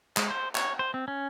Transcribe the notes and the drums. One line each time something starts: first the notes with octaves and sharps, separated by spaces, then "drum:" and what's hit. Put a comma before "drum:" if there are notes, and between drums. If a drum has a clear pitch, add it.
G#3, drum: clap
C5
C#5, drum: clap
C5
C4
C#4